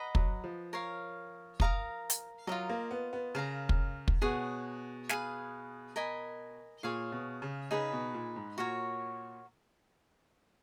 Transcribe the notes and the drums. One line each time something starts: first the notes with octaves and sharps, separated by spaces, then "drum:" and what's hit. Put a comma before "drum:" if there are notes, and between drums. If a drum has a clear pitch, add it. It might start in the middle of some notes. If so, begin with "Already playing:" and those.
Already playing: B4 D#5 F#5 A#5
F#3, drum: kick
F3
A#4 C#5 F5
A#4 F5 A#5 D#6, drum: kick
drum: hi-hat
F#3 F4 A#4 D#5
A#3
B3
B3
C#3 A#4 F5 A#5
drum: kick
drum: kick
B2 G#4 C#5 F#5
G#4 B4 F5 G#5, drum: snare
A#4 D#5 G#5 B5
A#2 G#4 C#5 F5
B2
C#3
C#3 D#4 G#4 B4
B2
A#2
G#2
A#2 F#4 A#4 C#5